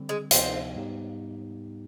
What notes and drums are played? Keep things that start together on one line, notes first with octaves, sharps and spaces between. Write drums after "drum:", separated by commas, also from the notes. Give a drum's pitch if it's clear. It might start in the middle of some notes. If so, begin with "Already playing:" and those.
Already playing: D3 G3 C4
G#3
D2 C3 F3 B3 C4 D#4, drum: hi-hat
G#2 G3 B3 D#4 G4